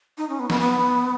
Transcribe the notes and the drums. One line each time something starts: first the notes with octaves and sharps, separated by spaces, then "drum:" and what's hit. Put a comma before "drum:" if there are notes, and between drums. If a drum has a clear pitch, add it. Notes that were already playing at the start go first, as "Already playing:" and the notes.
D#4
C#4
B3
B3, drum: snare
B3